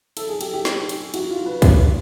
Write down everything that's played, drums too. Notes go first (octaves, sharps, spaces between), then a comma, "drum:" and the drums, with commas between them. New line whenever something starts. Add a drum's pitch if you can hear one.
A4, drum: cymbal
G#4
G4, drum: cymbal
G4
drum: snare
drum: cymbal
F#4, drum: cymbal
F4
B4
drum: kick, cymbal